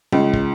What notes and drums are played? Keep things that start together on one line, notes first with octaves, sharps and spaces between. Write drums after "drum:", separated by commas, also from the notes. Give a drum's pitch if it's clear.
C#2, drum: tom
drum: kick